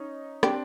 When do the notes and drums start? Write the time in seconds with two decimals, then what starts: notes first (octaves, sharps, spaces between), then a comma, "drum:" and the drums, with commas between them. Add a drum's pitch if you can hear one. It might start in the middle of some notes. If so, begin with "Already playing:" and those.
Already playing: C#4 D#4
0.43 C4 D4 G4, drum: rim click